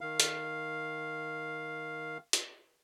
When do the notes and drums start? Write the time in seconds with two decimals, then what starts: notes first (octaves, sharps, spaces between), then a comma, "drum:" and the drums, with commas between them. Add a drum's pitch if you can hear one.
0.01 D#3 F5
0.20 drum: hi-hat
2.33 drum: hi-hat